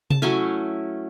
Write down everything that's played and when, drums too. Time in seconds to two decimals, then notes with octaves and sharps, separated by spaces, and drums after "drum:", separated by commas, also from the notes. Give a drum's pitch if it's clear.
0.10 A5, drum: tom C3
0.22 F#3 A3 C#4 E4 G#5